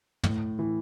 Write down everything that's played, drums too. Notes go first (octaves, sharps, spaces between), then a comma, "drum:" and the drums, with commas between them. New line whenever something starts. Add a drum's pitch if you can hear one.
A2, drum: tom
E3